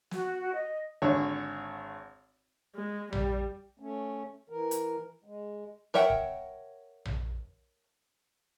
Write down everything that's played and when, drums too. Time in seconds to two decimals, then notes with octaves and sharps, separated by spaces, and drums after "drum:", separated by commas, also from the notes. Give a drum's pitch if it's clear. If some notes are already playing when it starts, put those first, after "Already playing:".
0.11 F#4, drum: snare
0.53 D#5
1.02 G#1 D3 C#5
2.76 G#3
3.13 G3, drum: tom A#1
3.79 A3 C#4
4.50 E3 A#4
4.71 drum: hi-hat
5.24 G#3
5.94 A#4 C#5 E5 F#5 G5, drum: snare
6.10 drum: kick
7.05 drum: tom A#1